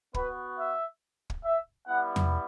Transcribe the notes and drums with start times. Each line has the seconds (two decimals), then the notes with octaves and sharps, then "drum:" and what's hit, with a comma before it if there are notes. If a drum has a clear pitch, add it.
0.14 B3 F#4 B4, drum: kick
0.58 E5
1.30 drum: kick
1.44 E5
1.87 G3 B3 E4 F#5
2.16 drum: tom E2